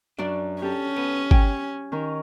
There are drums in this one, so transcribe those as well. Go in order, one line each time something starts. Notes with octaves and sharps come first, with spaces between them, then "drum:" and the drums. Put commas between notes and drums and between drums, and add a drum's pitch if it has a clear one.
F#2 D4 D5
C#4 G4 A4
B3
G5 G#5, drum: kick
D#3 C#4 A#4